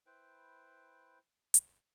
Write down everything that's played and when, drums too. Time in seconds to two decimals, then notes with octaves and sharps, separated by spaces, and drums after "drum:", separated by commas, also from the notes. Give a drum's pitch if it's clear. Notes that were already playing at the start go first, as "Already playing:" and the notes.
0.06 E4 B4 C5 G5
1.54 drum: hi-hat